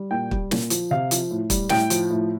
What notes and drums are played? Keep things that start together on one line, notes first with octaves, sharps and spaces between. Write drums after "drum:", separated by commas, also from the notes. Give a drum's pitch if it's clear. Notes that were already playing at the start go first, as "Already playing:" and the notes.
Already playing: G3
A#2 G5
G3, drum: kick
A#2, drum: snare
F3, drum: hi-hat
C3 F5
F3, drum: hi-hat
A2
G3, drum: kick, hi-hat
A2 G5, drum: snare
F3, drum: hi-hat
A2